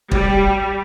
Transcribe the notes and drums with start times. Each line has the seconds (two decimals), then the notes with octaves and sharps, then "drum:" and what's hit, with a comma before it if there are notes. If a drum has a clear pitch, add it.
0.12 G3, drum: kick